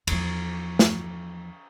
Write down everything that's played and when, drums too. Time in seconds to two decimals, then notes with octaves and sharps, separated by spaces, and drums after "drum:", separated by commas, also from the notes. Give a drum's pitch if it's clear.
0.07 E2 F3, drum: cymbal
0.79 drum: snare